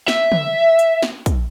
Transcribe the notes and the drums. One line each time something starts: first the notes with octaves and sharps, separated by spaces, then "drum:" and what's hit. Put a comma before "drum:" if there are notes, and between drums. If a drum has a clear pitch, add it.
E5, drum: snare
drum: tom
drum: hi-hat
drum: snare
drum: kick, hi-hat